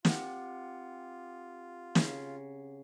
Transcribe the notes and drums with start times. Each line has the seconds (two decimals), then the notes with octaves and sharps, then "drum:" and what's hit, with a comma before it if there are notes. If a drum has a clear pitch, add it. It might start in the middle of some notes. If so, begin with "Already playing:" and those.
0.05 C4 F4 G4 F#5, drum: snare
1.95 C#3, drum: snare